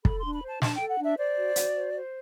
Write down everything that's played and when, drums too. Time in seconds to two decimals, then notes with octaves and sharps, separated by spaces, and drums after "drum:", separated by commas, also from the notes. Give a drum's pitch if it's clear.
0.05 A4 B5, drum: kick
0.19 C6
0.24 D4
0.34 B5
0.43 C5 A5
0.62 D4 A5, drum: snare
0.75 A4 G5
0.89 F#5
0.99 D4 E5
1.18 C5 D5
1.37 F#4
1.56 F#4, drum: hi-hat
1.74 C5
1.94 C5